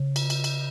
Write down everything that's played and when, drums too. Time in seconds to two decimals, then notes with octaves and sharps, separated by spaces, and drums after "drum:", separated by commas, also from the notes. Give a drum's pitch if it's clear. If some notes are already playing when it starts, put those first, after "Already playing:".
Already playing: C#3
0.16 drum: cymbal
0.30 drum: cymbal
0.44 drum: cymbal